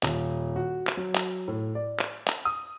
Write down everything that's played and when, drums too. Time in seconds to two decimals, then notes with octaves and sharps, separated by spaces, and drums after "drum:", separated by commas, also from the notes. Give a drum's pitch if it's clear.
0.03 D#1, drum: clap
0.56 F#4
0.87 drum: clap
0.97 F#3
1.15 drum: clap
1.48 A2
1.75 D5
2.00 drum: clap
2.28 drum: clap
2.45 D#6